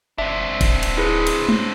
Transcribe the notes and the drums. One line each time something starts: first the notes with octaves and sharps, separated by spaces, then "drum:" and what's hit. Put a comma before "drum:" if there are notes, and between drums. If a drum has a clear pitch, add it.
F#1 C4 D4 E5
D1, drum: kick G#1, cymbal
drum: cymbal
E4 G#4 B4
drum: cymbal
drum: tom G#3